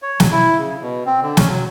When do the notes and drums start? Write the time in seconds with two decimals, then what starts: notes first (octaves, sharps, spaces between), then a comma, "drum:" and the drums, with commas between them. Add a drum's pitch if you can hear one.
0.02 C#5
0.20 F#3, drum: snare
0.32 E4
0.58 C#3
0.82 B2
1.06 C4
1.23 D3
1.37 C#4, drum: snare
1.48 F#3